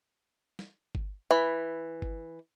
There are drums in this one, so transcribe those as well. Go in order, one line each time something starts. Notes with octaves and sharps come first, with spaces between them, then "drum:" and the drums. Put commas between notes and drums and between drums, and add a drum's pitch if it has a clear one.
drum: snare
drum: kick G1
E3 B5
drum: kick G1